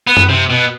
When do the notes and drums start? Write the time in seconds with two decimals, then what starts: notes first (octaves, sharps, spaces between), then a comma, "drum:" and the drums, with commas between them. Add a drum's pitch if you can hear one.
0.07 B3
0.17 drum: tom F#2
0.29 C3
0.50 B2